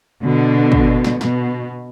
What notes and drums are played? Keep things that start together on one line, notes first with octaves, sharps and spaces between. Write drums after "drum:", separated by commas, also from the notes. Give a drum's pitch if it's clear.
B2 D3
drum: kick
drum: snare
B2, drum: snare